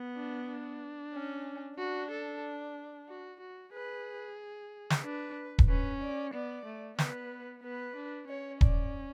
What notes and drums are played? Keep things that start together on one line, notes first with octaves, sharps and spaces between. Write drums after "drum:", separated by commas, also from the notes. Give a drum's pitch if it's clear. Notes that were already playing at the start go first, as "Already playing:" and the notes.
Already playing: B3
D4
D4
C#4
D4 F#4
A4
F#4
F#4
G#4 B4
drum: snare
D4 B4
drum: kick D#1
C#4 B4
D5
B3 D5
A3
B3 B4, drum: snare
B3 B4
D4
C#4 C#5
D5, drum: kick D#1